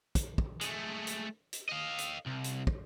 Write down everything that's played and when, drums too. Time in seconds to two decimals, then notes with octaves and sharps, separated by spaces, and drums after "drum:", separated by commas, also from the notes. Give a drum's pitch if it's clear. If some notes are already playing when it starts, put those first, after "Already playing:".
0.15 drum: kick, hi-hat
0.38 drum: kick
0.61 G#3 A3, drum: hi-hat
1.07 drum: hi-hat
1.53 drum: hi-hat
1.69 D#5 F5
1.98 drum: hi-hat
2.26 C2
2.44 drum: hi-hat
2.67 drum: kick